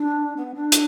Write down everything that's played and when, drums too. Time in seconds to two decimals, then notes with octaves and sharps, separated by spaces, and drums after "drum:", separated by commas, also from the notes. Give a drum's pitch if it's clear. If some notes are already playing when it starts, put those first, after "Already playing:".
Already playing: D4
0.36 B3
0.55 D4
0.72 drum: hi-hat